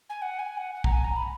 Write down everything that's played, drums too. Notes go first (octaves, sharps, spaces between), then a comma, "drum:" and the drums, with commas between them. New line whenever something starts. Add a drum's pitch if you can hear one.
G#5
F#5
G#5
F#5
F#5
A#5, drum: kick
G#5
A#5
B5